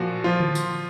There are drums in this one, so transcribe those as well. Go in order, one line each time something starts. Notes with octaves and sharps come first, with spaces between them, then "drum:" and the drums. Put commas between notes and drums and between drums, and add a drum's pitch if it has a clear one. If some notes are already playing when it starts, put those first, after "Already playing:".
Already playing: A#2 F3 F#4
F3 F4
drum: tom D3
drum: tambourine